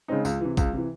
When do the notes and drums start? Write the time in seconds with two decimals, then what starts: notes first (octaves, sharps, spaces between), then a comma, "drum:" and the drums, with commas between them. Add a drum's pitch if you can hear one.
0.08 C#3 G#3 C4 D#4
0.25 C#2, drum: tambourine
0.41 C3 E3
0.57 C#2, drum: kick, tambourine
0.73 C3 E3